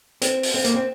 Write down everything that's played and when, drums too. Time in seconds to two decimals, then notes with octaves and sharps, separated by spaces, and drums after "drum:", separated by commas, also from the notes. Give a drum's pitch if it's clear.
0.22 C4, drum: hi-hat
0.43 drum: open hi-hat
0.54 C4
0.65 A#3, drum: hi-hat
0.74 C4